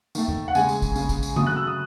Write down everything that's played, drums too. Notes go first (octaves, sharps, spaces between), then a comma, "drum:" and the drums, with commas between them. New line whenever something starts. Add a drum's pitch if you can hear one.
D#3 A3, drum: tambourine
drum: tom E2
F#5
C#3 G#3 G#5, drum: tambourine
drum: tambourine
drum: kick, tambourine
C#3 G#3, drum: tambourine
drum: kick, tambourine
drum: tambourine
C#3 F#3 A3 D#6, drum: tom D3
F#6
E6
D#6